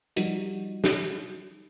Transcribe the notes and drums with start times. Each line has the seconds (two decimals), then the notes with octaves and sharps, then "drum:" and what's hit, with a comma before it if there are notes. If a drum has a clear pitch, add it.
0.16 F3 G3 D#4 F#4, drum: hi-hat
0.84 drum: snare